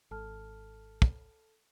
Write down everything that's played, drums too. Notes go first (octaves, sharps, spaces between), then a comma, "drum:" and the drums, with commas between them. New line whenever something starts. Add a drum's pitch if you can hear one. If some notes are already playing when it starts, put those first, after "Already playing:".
G#1 A4 A5 F6
drum: kick